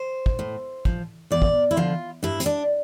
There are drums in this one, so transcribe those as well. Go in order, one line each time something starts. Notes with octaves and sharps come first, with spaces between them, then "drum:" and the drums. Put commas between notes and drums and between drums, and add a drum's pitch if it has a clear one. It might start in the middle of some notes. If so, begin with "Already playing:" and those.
Already playing: C5
drum: kick
A2
F3, drum: kick
E2 D5
drum: kick
E4
D3 F3 F4
G2 E4
C4, drum: hi-hat
D4